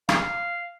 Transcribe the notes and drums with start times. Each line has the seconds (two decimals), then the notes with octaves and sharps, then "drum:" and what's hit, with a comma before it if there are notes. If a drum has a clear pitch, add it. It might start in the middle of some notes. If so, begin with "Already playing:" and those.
0.09 F5, drum: rim click